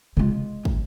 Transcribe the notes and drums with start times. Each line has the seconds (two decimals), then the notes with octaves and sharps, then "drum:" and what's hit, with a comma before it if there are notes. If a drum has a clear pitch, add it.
0.17 G#3 F4, drum: tom C3
0.65 drum: kick